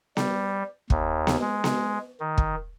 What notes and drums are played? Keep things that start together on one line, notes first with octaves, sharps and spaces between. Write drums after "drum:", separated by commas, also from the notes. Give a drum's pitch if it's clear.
G3, drum: snare B3
D#2, drum: kick
drum: snare B3
G#3
drum: snare B3
D#3
drum: kick